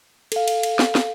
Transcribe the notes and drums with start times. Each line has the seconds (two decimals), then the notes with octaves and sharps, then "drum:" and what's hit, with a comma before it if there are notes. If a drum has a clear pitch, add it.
0.32 A4 F5, drum: cymbal
0.48 drum: cymbal
0.63 drum: cymbal
0.79 drum: snare
0.95 drum: snare